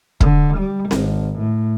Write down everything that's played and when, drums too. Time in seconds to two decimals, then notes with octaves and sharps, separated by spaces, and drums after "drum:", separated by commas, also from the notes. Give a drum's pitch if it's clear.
0.20 D3, drum: kick
0.57 G3
0.91 G#1, drum: snare C4
1.39 A2